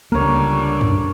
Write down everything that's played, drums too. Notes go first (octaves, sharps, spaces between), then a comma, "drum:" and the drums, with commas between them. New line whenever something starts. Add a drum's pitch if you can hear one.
C#2 D3 G3 A#3 A#4 C#5
drum: tom